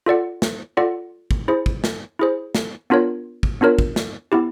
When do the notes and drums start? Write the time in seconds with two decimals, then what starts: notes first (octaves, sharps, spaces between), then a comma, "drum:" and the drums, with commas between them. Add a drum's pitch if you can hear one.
0.06 F4 A4 D5 F#5
0.42 drum: snare
0.77 F4 A4 D5 F#5
1.31 drum: kick
1.48 E4 G#4 C5
1.66 drum: kick
1.84 drum: snare
2.19 E4 G#4 C5
2.55 drum: snare
2.90 B3 D4 F4 A#4 C#5
3.43 drum: kick
3.61 B3 D4 F4 A#4 C#5
3.79 drum: kick
3.96 drum: snare
4.32 B3 E4 G4